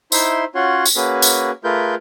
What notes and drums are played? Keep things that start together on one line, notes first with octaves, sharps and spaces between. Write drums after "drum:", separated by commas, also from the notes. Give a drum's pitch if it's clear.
D#4 E4 C5 E5 C6, drum: tambourine
C#4 F4 F#4 C#5 F#5 C6
drum: tambourine
A#3 C#4 F#4 G#4 B4
drum: tambourine
A3 F4 G#4 A#4 B4 G6